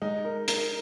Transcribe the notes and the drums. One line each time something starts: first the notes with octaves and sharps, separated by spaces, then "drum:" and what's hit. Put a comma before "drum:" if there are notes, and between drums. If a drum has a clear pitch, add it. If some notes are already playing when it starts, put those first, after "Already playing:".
G#3 D#4
A#4
A#4, drum: hi-hat